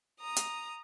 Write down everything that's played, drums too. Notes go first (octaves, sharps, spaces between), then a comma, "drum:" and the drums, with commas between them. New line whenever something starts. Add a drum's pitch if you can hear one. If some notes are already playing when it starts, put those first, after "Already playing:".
A#5 D#6
drum: hi-hat